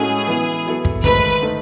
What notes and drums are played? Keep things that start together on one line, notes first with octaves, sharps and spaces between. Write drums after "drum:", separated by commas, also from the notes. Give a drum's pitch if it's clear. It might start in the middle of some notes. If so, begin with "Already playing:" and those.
Already playing: A2 G#3 C#4 F#4 G#4 A4
E3 B3 E4
F#3 B3 E4 A4
drum: kick
G#2 D#3 A3 B4, drum: kick
D#3 A3 D#4 A4